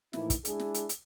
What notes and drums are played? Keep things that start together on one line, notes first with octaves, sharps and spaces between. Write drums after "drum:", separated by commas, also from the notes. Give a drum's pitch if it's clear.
A2 E3 F3 A#3 D#4 E4, drum: snare
drum: kick, hi-hat
G#3 D4 E4 G#4, drum: hi-hat
drum: snare
drum: hi-hat
drum: hi-hat